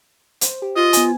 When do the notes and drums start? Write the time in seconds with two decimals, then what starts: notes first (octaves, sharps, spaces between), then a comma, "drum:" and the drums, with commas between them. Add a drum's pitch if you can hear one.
0.41 C5, drum: hi-hat
0.62 G4
0.76 F4 D#5
0.93 B3 G#5, drum: hi-hat